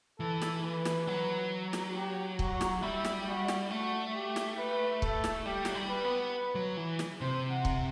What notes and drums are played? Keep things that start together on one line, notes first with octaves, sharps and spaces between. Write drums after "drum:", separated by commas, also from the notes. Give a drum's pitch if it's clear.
E3 A4
drum: snare
B4
drum: snare
F#3
drum: snare
G4
F#4, drum: kick
drum: snare
G3 E4
drum: snare
F#4
drum: snare
A3 F#4
G4
drum: snare
B4
A4, drum: kick
drum: snare
G3 G4
F#3, drum: snare
G3
B4
B3
B4
F#3
E3
drum: snare
C3 C5
F#5
drum: kick